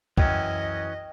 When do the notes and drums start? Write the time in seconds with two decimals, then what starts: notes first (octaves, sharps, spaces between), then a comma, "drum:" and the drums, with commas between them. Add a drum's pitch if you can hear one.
0.18 F#2 E3 C#4 D#5 G5, drum: kick